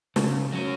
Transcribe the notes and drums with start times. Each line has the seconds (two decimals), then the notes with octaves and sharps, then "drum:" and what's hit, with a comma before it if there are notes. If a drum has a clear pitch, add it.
0.16 C#3, drum: snare
0.53 F#3 C#4